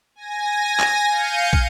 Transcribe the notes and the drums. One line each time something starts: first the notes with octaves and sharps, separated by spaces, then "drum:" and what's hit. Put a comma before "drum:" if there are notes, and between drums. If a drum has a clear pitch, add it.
G#5 A#6
drum: clap
F5 G6 C#7 D#7
drum: kick